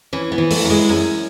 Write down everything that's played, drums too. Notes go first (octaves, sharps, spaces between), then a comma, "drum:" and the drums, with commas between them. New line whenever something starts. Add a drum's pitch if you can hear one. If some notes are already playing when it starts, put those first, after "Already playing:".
E3 C#4
B3
E3
A3, drum: open hi-hat
F#2
G#3
F#2 C#4